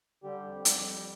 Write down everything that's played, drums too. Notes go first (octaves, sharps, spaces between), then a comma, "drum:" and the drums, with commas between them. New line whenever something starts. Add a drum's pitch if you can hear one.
D3 G3 G4
F2
G3, drum: hi-hat